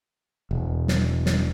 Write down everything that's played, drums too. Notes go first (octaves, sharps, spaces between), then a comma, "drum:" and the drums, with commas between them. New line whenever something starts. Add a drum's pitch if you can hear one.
E1
drum: snare
drum: snare